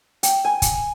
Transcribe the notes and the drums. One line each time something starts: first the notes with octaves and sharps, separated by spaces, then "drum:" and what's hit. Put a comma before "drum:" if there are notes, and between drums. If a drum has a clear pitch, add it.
G5, drum: hi-hat
G#5
drum: kick, hi-hat